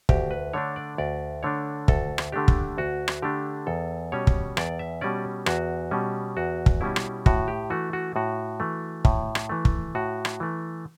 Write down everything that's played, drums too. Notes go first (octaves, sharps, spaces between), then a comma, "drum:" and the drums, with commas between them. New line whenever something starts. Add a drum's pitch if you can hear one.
D2 G4, drum: kick
B4
D3 A3 D4 C#5
D5
D2 D5
D3 A3 D4 C#5
D2 A4, drum: kick
drum: rim click
D3 A3 D4 G4
drum: kick
D2 F#4
drum: rim click
D3 A3 D4 G4
E2 A4
B2 G3 C#4 C#5
drum: kick
E2 D5, drum: rim click
E5
B2 G3 C#4 D5
E2 F#4, drum: rim click
B2 G3 C#4
E2 F#4
drum: kick
B2 G3 C#4 E4
drum: rim click
A2 F#4, drum: kick
G4
E3 A3 F#4
F#4
A2 F#4
E3 A3
A2, drum: kick
drum: rim click
E3 A3
drum: kick
A2 F#4
drum: rim click
E3 A3